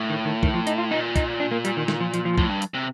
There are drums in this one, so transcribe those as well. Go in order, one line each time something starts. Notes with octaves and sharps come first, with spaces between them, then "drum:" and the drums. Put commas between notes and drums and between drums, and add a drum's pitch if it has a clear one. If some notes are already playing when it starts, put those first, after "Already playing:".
Already playing: A2
D#3
D#3
D#3, drum: kick
F3
D#4, drum: hi-hat
F4
A#2 D#4
D#4, drum: kick, hi-hat
D4
A#3
G3, drum: hi-hat
D#3
D#3, drum: snare
F3
F3, drum: hi-hat
F3
A2, drum: kick
G2
drum: hi-hat
C3